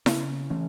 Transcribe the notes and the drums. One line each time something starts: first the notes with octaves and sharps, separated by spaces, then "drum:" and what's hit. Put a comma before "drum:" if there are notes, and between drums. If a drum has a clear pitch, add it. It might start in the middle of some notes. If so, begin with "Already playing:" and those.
C#3, drum: snare E4
E3 A3 C#4